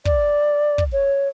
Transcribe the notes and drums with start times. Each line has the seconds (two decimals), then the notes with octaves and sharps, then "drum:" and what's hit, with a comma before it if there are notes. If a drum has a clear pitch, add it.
0.05 D5, drum: kick
0.78 drum: kick
0.92 C#5